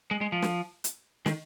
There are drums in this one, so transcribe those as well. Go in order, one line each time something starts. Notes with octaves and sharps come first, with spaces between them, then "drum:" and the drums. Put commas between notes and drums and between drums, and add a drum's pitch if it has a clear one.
G#3
G#3
F3
drum: snare
drum: hi-hat
D#3, drum: snare